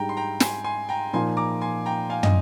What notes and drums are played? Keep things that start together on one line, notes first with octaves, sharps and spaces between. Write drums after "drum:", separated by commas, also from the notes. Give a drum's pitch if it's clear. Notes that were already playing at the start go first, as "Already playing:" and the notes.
Already playing: G#2 G3 D4 G5 A#5
C6
G5 A#5
G#5 C6, drum: snare
G#5 C6
G5 A#5
A#2 F3 A#3 D#4 G#5 C6
A#5 D6
G#5 C6
G5 A#5
F5 G#5
D#5, drum: tom